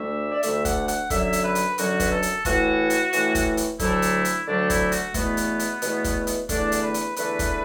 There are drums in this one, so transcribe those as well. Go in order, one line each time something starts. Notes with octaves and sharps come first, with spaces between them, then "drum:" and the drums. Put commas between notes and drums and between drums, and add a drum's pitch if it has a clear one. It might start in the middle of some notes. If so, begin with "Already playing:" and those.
Already playing: D2 D3 A3 E5
D5
D2 D3 A3 E5, drum: hi-hat
F#5, drum: kick, hi-hat
F#5, drum: hi-hat
F#2 D3 F#3 E5, drum: kick, hi-hat
drum: hi-hat
B4
drum: hi-hat
F#2 D3 F#3 F#4, drum: hi-hat
B4, drum: kick, hi-hat
A4
drum: hi-hat
A2 E3 A3 F#4, drum: kick, hi-hat
drum: hi-hat
A2 E3 A3, drum: hi-hat
drum: kick, hi-hat
drum: hi-hat
D2 D3 F#3 A3 E4, drum: kick, hi-hat
drum: hi-hat
drum: hi-hat
D2 D3 F#3 A3 D4
E4, drum: kick, hi-hat
F#4, drum: hi-hat
E2 B2 A3 B3, drum: kick, hi-hat
drum: hi-hat
drum: hi-hat
E2 B2 A3, drum: hi-hat
drum: kick, hi-hat
drum: hi-hat
E2 D3 A3 D4, drum: kick, hi-hat
drum: hi-hat
B4
drum: hi-hat
E2 D3 A3 B4, drum: hi-hat
drum: kick, hi-hat